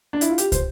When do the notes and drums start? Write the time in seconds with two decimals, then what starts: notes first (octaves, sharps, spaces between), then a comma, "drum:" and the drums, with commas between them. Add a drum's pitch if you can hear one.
0.13 D4
0.21 E4, drum: hi-hat
0.30 F4
0.38 G4, drum: hi-hat
0.52 C5, drum: kick, hi-hat